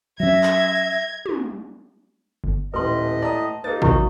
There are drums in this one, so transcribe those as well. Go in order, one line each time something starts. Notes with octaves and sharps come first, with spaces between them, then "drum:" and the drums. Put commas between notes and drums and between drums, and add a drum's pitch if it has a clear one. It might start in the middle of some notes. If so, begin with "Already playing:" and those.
F#3 C#4 E5 G#6 A#6
drum: clap
drum: tom
G1
D#1 A2 B4 D#5 C6
D5 A5 A#5 D#6
A#3 D#4 A6, drum: tom
C3 D#3 F#3 E4 C#6, drum: kick A1